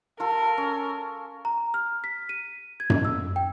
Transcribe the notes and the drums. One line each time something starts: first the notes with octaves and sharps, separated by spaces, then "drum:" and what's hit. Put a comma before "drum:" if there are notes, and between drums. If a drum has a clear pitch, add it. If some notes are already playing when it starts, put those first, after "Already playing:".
F4 A4 A#4
C#4
A#5
F6
B6
D#7
G#6
drum: tom F#2
E6
G5